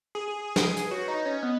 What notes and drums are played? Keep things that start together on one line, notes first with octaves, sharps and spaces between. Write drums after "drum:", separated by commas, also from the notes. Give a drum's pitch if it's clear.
G#4
G#4
drum: snare
drum: hi-hat
B4
F#4 C#5
D#4 D#5
C#4 D#5
B3 D#5